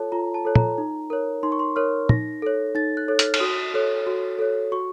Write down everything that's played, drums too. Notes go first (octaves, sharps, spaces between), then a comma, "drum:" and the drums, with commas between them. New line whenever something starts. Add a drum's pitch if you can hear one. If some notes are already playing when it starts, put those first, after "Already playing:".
Already playing: F4 A4 C#5 A5
F4 A#5
A5
A4 C#5
A#5, drum: tom
D#4
A#4 C#5
D#4 C6
C#6
C6
A#4 C#5 F6
D#4 A#6, drum: tom
A4 C#5
D#4 A6
F#6
A4 C#5
F6, drum: hi-hat
F6, drum: cymbal
F#4 D#6
A4 C#5
F#4
A4 C#5
F#4 C#6